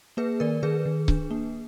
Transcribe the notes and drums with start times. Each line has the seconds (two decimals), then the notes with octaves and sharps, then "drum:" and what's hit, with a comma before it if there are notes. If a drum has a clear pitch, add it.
0.17 A#3 G#4 B4
0.40 D#3 A#4 D5
0.63 D#3 G#4 B4
0.86 D#3
1.08 D4, drum: kick C#1
1.31 A#3